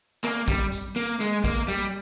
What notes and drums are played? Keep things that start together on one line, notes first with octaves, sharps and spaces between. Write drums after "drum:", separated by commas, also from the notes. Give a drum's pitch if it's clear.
A#3, drum: clap
G3, drum: kick A#1, tambourine
drum: tambourine
A#3, drum: tambourine
G#3, drum: tambourine
A#3, drum: kick A#1, tambourine
G3, drum: tambourine